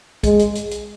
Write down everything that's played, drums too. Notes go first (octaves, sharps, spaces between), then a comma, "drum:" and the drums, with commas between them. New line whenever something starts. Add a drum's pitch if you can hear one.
G#3, drum: kick, hi-hat
drum: hi-hat
drum: hi-hat
drum: hi-hat